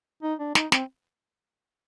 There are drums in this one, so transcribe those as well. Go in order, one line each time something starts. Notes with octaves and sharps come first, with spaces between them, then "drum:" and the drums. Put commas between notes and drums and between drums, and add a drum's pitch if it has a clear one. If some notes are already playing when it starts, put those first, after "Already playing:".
D#4
D4
D#4, drum: snare
C4, drum: snare